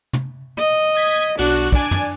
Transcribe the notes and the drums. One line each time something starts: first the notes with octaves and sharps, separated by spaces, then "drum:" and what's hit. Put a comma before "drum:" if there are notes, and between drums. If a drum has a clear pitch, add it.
drum: tom
D#5
D#6 G#6 B6
B1 D4 F#4 F#6, drum: cymbal
D4 D5 G#5, drum: kick
drum: tom